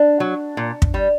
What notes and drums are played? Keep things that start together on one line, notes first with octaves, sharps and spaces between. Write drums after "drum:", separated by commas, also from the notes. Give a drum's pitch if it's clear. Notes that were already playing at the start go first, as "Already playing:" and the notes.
Already playing: D4
F#3
A#2
drum: kick
G3